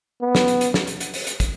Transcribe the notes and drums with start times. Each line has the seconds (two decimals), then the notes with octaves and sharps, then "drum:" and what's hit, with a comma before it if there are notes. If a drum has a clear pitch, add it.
0.22 B3
0.35 drum: snare
0.48 drum: hi-hat
0.61 drum: hi-hat
0.74 drum: snare
0.87 drum: hi-hat
1.01 drum: hi-hat
1.14 drum: open hi-hat
1.27 drum: hi-hat
1.40 drum: kick, hi-hat